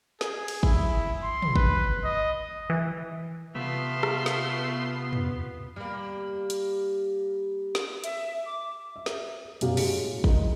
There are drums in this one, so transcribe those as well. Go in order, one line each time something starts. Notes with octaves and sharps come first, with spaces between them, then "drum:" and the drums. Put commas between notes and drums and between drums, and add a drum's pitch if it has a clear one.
G#4, drum: snare
drum: cymbal
E4, drum: kick
C6
drum: tom
B4, drum: kick
D#5
E3
C3 A3 B3 F4 C6
drum: rim click
drum: snare
drum: tom
G3 A#3
drum: hi-hat
drum: snare
E5, drum: hi-hat
D6
E5
drum: snare
E1 F#2 B2 G4 F5, drum: hi-hat
A2 G#3 F#4 C#5 C#7 D7, drum: open hi-hat
G#3 C#4 E4 A#4 D#5, drum: kick